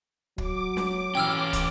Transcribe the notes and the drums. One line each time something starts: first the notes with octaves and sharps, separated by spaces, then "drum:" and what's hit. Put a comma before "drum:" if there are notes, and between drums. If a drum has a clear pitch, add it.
F#3 D6, drum: kick
drum: snare
E3 C#4 G5 E6 F6
drum: kick, hi-hat